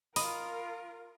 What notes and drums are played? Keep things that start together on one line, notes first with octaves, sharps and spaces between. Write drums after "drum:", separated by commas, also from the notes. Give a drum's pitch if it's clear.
F4 A#4 D#5 B5, drum: open hi-hat